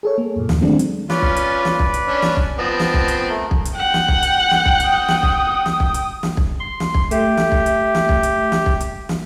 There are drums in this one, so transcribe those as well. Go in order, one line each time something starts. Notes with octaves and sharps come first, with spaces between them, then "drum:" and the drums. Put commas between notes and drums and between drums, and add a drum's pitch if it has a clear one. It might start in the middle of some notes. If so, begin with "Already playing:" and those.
G#4 A4 C#5
A#3
F#2 A#2
D#2, drum: snare
D#3 F#3 G#3 A3 C4 D4
drum: hi-hat
C#4 F4 B4 D5, drum: snare
drum: kick
drum: hi-hat
drum: snare
drum: kick
drum: hi-hat
C#4 D4
drum: snare
drum: kick
F3 B3 C4 D#5 A5
drum: snare
drum: kick
drum: hi-hat
A3 A#4
drum: kick
drum: hi-hat
F#5 G5
drum: snare
drum: kick
drum: hi-hat
drum: snare
drum: kick
drum: hi-hat
D#6
drum: snare
drum: kick
drum: snare
drum: kick
drum: hi-hat
drum: snare
drum: kick
C6
drum: snare
drum: kick
A3 G4 E5, drum: hi-hat
drum: snare
drum: kick
drum: hi-hat
drum: snare
drum: kick
drum: hi-hat
drum: snare
drum: kick
drum: hi-hat
drum: snare